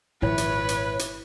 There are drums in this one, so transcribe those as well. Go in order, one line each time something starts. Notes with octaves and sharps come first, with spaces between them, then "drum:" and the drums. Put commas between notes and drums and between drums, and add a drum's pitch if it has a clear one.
G#1 A#2 F3 E4 B4 C#5
drum: hi-hat
drum: hi-hat
drum: hi-hat